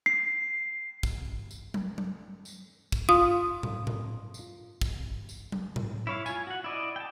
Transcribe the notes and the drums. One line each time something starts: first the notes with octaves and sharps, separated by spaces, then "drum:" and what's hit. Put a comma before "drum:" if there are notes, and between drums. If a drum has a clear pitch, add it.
C7
drum: kick, tambourine
drum: tambourine
drum: tom F#3
drum: tom F#3
drum: tambourine
drum: kick, tambourine
F4 D#6
drum: tom A2
drum: tom A2
drum: tambourine
drum: kick, tambourine
drum: tambourine
drum: tom F#3
drum: tom A2
E4 C#5 F5
F4 G#5, drum: tambourine
F#4 F#5
E4 D5 D#5
G5 A5